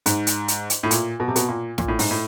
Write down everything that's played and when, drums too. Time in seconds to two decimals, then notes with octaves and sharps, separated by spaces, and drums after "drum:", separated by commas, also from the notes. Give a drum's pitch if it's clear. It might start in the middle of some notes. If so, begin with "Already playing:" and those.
0.06 G#2, drum: hi-hat
0.27 drum: hi-hat
0.48 drum: hi-hat
0.70 drum: hi-hat
0.83 A2
0.91 A#2, drum: hi-hat
1.20 B2
1.28 C3
1.36 B2, drum: hi-hat
1.49 A#2
1.78 A#2, drum: snare
1.88 A2
1.99 G#2, drum: open hi-hat
2.11 A2